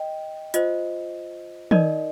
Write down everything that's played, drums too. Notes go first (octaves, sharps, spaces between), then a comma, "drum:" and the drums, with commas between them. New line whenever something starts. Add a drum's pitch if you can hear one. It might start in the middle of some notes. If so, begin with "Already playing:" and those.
Already playing: D#5 G5
F4 C5 D#5, drum: hi-hat
D#4 A#4 D5 D#5, drum: tom